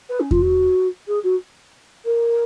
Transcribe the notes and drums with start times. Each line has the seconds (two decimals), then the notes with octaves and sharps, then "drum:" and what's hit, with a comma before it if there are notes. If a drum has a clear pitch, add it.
0.09 B4
0.20 C#4
0.31 F4, drum: kick E2
0.41 F#4
1.07 G#4
1.23 F#4
2.05 A#4